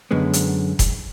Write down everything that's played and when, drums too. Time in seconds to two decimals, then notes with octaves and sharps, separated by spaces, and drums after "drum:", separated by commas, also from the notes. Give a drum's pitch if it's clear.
0.11 F#2 D3 G#3 B3
0.33 drum: hi-hat
0.79 drum: kick F1, hi-hat